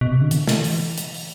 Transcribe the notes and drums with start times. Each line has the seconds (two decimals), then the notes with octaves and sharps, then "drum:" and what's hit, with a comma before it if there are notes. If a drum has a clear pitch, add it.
0.01 B2
0.11 C3
0.21 D3
0.31 E3, drum: hi-hat
0.47 drum: snare
0.64 drum: open hi-hat
0.98 drum: hi-hat
1.14 drum: open hi-hat